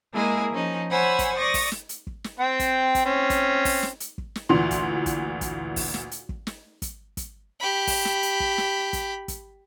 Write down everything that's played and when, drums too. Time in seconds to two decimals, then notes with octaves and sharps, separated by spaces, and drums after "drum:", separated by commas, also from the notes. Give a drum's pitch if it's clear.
0.12 G#3 A#3 E4 G#4 A#4
0.52 F3 C#4 D#4
0.90 C5 C#5 F#5 G#5 B5 E6
1.19 drum: kick, hi-hat
1.36 D5 C#6 D#6 A6 A#6
1.54 drum: kick, open hi-hat
1.72 drum: snare
1.89 drum: hi-hat
2.07 drum: kick
2.24 drum: snare
2.40 C4 G5
2.60 drum: kick, hi-hat
2.95 drum: kick, hi-hat
3.06 C4 C#4
3.30 drum: kick, hi-hat
3.65 drum: kick, open hi-hat
3.83 drum: snare
4.00 drum: hi-hat
4.18 drum: kick
4.35 drum: snare
4.49 D2 A#2 E3 C6
4.71 drum: kick, hi-hat
5.06 drum: kick, hi-hat
5.41 drum: kick, hi-hat
5.76 drum: kick, open hi-hat
5.94 drum: snare
6.11 drum: hi-hat
6.29 drum: kick
6.47 drum: snare
6.82 drum: kick, hi-hat
7.17 drum: kick, hi-hat
7.60 G4 B5
7.87 drum: kick, open hi-hat
8.05 drum: snare
8.23 drum: hi-hat
8.40 drum: kick
8.58 drum: snare
8.93 drum: kick, hi-hat
9.28 drum: kick, hi-hat